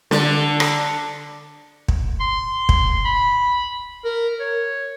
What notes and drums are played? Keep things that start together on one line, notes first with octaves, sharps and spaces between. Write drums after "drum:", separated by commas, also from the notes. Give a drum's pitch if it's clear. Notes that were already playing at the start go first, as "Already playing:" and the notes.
D3, drum: snare
drum: rim click
drum: kick
C6
drum: kick
B5
A#4
C#5